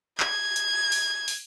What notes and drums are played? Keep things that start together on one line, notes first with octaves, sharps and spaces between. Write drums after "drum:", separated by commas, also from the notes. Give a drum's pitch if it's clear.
G#6, drum: clap
drum: hi-hat
drum: open hi-hat
drum: open hi-hat